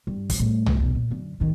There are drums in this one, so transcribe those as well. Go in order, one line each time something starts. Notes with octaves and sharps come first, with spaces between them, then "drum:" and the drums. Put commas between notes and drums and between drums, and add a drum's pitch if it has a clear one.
G2
drum: kick, hi-hat
A2 G3
drum: tom C2
B1 E2
A#2
F#2 D3
A1 D#3